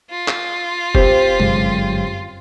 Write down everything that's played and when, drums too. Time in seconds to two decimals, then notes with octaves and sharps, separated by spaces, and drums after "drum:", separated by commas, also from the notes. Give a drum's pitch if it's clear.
0.11 F4
0.28 drum: clap
0.95 C4 G4, drum: kick F1
1.40 G1 F#2 G#3, drum: tom C3